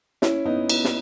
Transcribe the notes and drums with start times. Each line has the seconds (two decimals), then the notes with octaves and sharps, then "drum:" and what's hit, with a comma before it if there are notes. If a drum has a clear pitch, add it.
0.22 C#4 E4, drum: snare
0.45 B3 D#4
0.70 B3, drum: cymbal
0.84 drum: snare